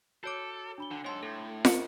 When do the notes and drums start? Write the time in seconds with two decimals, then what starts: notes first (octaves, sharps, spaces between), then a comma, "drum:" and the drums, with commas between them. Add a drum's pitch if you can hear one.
0.24 F#4 A4 C#5 D6 G6 D7
0.78 D4 B5 G7
0.91 D3 D4
1.05 G#2 A4 C#5 C6
1.23 A2 A4
1.65 A#4 D#5 C#7, drum: snare